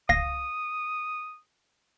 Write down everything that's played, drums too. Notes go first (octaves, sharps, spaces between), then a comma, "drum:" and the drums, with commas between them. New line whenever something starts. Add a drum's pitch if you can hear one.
F5 D#6 A#6, drum: kick